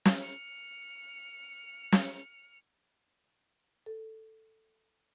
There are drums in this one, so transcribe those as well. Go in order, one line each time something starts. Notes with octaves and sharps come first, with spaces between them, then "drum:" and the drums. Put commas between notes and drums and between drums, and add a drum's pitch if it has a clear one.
drum: snare
F6 C#7
drum: snare
A4